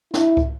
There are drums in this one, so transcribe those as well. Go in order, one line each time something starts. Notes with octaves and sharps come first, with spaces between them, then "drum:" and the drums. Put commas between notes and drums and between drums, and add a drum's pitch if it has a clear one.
E4, drum: snare
drum: kick